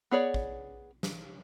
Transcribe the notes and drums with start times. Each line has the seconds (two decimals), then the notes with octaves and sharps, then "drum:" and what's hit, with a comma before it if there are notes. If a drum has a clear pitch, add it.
0.11 B3 G#4 C#5 D5
0.34 drum: kick
1.03 drum: snare